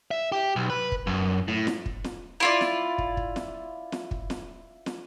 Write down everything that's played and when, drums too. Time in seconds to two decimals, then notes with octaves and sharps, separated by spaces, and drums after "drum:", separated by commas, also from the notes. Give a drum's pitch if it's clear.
0.11 E5
0.32 G4
0.56 B1
0.70 B4
0.92 drum: kick
1.07 F#2
1.48 A2
1.67 drum: snare
1.86 drum: kick
2.04 drum: snare
2.40 E4 F4 D5
2.61 drum: snare
2.98 drum: kick
3.17 drum: kick
3.36 drum: snare
3.92 drum: snare
4.11 drum: kick
4.30 drum: snare
4.86 drum: snare